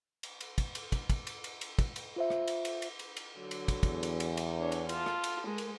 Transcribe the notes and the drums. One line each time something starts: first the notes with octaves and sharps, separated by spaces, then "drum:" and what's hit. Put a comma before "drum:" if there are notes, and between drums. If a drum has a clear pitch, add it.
drum: cymbal
drum: cymbal
drum: kick, cymbal
drum: cymbal
drum: kick, cymbal
drum: kick, cymbal
drum: cymbal
drum: cymbal
drum: cymbal
drum: kick, cymbal
drum: cymbal
F4 C5 E5
drum: rim click
drum: cymbal
drum: cymbal
drum: cymbal
drum: cymbal
drum: cymbal
D3 F#3
drum: cymbal
drum: kick, cymbal
E2, drum: kick, cymbal
drum: cymbal
drum: cymbal
drum: cymbal
D4 C#5
drum: cymbal
F4 A5, drum: cymbal
drum: rim click
drum: cymbal
G#3 A#4
drum: cymbal